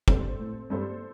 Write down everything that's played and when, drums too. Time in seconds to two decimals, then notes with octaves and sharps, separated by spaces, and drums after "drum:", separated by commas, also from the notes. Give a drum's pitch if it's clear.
0.08 G2 C4 A4 C5, drum: kick
0.39 A2
0.70 G2 C4 A4 C5